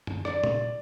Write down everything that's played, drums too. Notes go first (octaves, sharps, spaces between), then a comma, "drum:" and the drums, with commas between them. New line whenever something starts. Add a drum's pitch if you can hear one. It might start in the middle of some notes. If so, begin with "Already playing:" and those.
drum: tom F#2
D5, drum: rim click
drum: tom